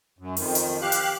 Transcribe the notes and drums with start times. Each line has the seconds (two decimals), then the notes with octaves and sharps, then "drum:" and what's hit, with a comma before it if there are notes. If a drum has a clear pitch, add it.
0.19 F#2
0.37 F2 D#3, drum: open hi-hat
0.55 drum: hi-hat
0.82 G4 F5 F#6
0.92 drum: hi-hat